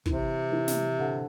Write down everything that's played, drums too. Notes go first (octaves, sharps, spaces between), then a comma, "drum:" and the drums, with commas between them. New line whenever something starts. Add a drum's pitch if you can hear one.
C3 E3, drum: kick
E3
drum: snare
D3